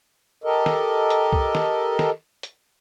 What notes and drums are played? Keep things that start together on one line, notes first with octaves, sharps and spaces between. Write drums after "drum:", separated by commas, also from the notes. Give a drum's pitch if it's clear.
G4 A4 A#4 D#5
drum: snare
drum: hi-hat
drum: kick C2
drum: snare
drum: snare
drum: hi-hat